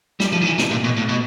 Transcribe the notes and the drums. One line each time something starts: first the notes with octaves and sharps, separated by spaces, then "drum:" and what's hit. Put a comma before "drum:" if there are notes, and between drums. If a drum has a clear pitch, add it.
G3, drum: snare
F3
D#3
E3
C3, drum: snare
A#2
B2
A2
B2